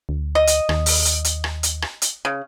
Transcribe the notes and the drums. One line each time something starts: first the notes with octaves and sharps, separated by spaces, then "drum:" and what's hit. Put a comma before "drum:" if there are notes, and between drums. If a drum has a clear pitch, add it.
D2
D#5
drum: hi-hat
D#2, drum: rim click
drum: open hi-hat
drum: hi-hat
drum: hi-hat
drum: rim click
drum: hi-hat
drum: rim click
drum: hi-hat
C#3